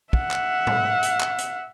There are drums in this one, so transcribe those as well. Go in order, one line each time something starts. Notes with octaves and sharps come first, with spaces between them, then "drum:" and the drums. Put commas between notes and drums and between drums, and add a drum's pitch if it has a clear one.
E5 F#5, drum: kick
drum: clap
drum: tom G#2
drum: hi-hat
drum: clap
drum: hi-hat